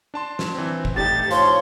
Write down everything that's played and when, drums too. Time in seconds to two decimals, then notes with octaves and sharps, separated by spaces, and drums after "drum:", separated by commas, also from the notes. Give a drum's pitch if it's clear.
0.14 D4 A5 C6
0.39 drum: snare
0.55 E3 C4
0.85 drum: kick
0.96 A2 D4 D#4 G4 A6
1.31 F3 C#5 C6, drum: hi-hat